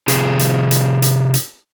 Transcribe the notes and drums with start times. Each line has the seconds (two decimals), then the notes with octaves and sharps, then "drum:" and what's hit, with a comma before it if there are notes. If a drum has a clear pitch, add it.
0.08 C3 F3 G#4, drum: hi-hat
0.39 drum: hi-hat
0.71 drum: hi-hat
1.02 drum: hi-hat
1.34 drum: hi-hat